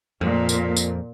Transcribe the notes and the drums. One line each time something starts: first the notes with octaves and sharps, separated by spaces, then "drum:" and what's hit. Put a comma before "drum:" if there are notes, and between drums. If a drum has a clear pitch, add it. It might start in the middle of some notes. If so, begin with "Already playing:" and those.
F2 A#2
drum: tambourine
drum: tambourine